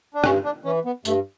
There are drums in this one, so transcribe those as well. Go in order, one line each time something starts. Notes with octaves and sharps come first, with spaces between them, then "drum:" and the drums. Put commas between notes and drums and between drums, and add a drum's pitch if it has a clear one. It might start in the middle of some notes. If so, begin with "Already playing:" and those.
D4
G2 C#4, drum: rim click
D4
E3 C#4
B3
G2 A3, drum: tambourine